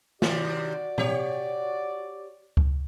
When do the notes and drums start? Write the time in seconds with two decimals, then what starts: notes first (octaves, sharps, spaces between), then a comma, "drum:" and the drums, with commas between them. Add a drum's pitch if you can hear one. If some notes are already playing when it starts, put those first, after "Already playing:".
0.22 C3 D#3 F#4 D5, drum: snare
0.98 G4 C#5, drum: tom A#2
2.57 drum: kick C#2